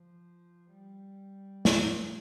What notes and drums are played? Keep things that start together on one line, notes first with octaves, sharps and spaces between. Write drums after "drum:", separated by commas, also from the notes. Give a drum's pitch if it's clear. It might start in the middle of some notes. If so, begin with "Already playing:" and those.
Already playing: F3
G3
drum: snare